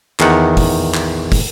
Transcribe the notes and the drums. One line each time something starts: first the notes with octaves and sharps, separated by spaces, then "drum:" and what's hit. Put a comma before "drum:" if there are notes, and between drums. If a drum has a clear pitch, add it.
E2 D#3 F#5, drum: clap
drum: kick, open hi-hat
drum: clap
drum: kick, open hi-hat